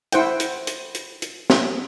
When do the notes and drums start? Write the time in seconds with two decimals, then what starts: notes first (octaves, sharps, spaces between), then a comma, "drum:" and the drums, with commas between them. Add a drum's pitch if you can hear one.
0.12 E4 C5 F#5 G5, drum: hi-hat
0.40 drum: hi-hat
0.67 drum: hi-hat
0.95 drum: hi-hat
1.22 drum: hi-hat
1.50 drum: snare